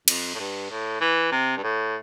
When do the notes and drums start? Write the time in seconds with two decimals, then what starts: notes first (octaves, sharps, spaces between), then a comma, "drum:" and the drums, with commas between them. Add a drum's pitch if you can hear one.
0.08 F2, drum: cymbal
0.34 A2
0.40 G2
0.71 A2
1.01 E3
1.32 C3
1.57 G2
1.64 A2